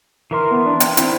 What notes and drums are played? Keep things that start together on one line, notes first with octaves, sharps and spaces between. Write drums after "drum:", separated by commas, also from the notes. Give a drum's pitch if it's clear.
E3 A#4 E5 C6
B3
D4
G5, drum: hi-hat
C4 E4 C#5, drum: hi-hat